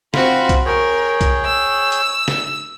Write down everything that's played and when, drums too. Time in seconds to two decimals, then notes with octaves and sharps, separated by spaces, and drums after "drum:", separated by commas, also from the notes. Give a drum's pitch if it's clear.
0.14 C4 F4 F#4 B5, drum: snare
0.49 drum: kick B1, hi-hat
0.66 G#4 A#4 C#5 G5
1.21 drum: kick B1, hi-hat
1.46 E6
1.92 drum: hi-hat
2.28 drum: snare